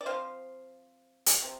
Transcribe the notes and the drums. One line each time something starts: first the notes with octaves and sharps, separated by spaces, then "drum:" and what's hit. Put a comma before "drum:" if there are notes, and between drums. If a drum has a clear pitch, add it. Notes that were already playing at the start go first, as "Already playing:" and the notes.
D5
F3 C4 C5 F5
drum: hi-hat
C3 F3